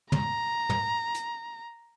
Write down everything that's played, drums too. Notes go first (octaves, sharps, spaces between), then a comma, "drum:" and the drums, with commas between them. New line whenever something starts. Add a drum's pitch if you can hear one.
A#5, drum: tom
drum: tom
drum: hi-hat